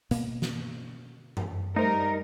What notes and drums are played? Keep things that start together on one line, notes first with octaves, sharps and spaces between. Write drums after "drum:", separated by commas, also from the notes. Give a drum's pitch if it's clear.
B2 A#3 B3, drum: hi-hat
drum: snare
drum: tom F#2
G3 A3 D#4 A#4 C5